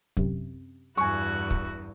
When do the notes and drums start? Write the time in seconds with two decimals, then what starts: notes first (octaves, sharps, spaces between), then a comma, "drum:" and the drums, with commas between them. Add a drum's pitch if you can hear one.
0.17 F#2 C3, drum: kick
0.97 E2 G2 E4 F#4 G#5 C#6
1.50 drum: kick